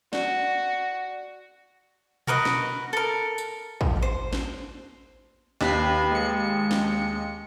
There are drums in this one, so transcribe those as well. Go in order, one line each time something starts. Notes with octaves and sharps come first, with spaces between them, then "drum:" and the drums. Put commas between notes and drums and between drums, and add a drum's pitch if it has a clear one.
F#4 D5, drum: snare
F#4 A#4 B4 D#5, drum: tom B2
drum: snare
A4 A#4
drum: tambourine
drum: kick
C5
drum: snare
D#2 B4 B5 C7, drum: snare
G#3 C#7
drum: snare